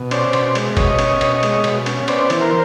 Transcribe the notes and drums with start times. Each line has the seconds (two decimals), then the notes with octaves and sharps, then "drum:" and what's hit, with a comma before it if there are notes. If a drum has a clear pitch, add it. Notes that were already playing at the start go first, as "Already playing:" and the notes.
Already playing: B2
0.11 C#4 C5 D5, drum: cymbal
0.33 B2, drum: cymbal
0.55 G#3, drum: cymbal
0.77 B2 C#5 D#5, drum: kick, cymbal
0.99 C#4, drum: cymbal
1.21 B2, drum: cymbal
1.43 G#3, drum: cymbal
1.64 B2, drum: cymbal
1.86 C#4, drum: cymbal
2.08 B3 C5 D5, drum: cymbal
2.30 E3, drum: cymbal
2.41 A#4 C5